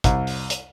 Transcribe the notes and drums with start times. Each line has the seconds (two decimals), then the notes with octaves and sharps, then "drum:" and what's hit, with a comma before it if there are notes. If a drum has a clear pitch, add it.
0.04 C2, drum: kick, hi-hat
0.27 drum: open hi-hat
0.50 drum: hi-hat